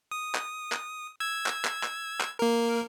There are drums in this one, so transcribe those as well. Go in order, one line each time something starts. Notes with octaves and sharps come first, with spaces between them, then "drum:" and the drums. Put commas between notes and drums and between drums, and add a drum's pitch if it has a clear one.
D#6
drum: clap
drum: clap
E6 G#6
drum: clap
drum: clap
drum: clap
drum: clap
A#3 A#4